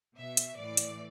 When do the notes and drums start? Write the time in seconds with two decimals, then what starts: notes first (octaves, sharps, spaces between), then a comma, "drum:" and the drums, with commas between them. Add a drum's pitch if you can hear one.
0.17 B2 E5
0.37 drum: hi-hat
0.57 A2 E3 D5
0.77 drum: hi-hat